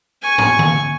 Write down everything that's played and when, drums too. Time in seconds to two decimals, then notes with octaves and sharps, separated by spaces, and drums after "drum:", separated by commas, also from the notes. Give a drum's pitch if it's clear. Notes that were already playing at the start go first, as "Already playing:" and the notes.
0.22 G#5 C#6
0.38 drum: tom
0.59 drum: tom D3